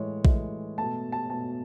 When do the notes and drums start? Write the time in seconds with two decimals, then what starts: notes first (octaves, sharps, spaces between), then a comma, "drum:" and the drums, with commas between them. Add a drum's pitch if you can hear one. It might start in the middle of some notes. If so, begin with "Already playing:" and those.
Already playing: A2 E3 G#3 C#5
0.25 A2 E3 G#3, drum: kick A#1
0.78 B2 A3 A5
1.12 A5
1.30 B2 A3 A5